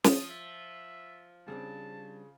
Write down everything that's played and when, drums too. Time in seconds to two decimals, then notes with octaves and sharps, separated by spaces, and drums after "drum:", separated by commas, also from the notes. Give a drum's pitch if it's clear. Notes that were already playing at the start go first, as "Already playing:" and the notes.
0.04 F3 D#6, drum: snare
0.30 E5
1.48 C#3 G3 C4 D4 A5